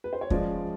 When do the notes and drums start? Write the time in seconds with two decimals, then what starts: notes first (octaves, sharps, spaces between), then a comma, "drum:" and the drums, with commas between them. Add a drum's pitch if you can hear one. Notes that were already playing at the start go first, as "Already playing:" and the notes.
0.04 B4
0.13 C5
0.21 C#5
0.30 F3 G#3 C#4 F4 D5, drum: kick